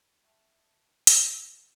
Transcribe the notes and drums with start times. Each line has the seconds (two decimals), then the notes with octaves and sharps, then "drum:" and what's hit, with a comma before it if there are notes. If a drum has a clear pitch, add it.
0.24 E5 G5 A5 C#6
1.07 drum: hi-hat